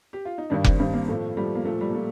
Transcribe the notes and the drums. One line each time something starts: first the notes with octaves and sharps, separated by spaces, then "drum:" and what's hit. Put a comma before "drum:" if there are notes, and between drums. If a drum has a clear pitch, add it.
G4
F4
D#4
G2 D#3 G3 D4
C4, drum: kick F1
G2 D#3 G3 C4
A#3
A2 F3 A3
A2 F3 G3
A#3
A#2 F3 A3
G3
A#3
F3 A3